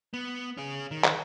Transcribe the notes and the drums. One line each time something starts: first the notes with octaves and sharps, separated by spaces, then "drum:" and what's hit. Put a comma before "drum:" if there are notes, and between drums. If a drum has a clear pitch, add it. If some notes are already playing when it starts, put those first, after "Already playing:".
B3
C#4 G#4
D#3
drum: clap